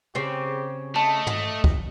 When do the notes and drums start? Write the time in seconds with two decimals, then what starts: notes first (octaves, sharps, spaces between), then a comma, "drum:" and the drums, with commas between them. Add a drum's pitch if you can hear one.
0.15 C#3 C4 G4
0.96 A3 D#5 A5
1.27 drum: tom
1.64 drum: kick